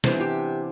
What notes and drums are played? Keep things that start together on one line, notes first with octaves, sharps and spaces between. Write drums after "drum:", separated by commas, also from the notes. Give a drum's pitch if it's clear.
C3 E3 B3 D4 C5, drum: snare
G4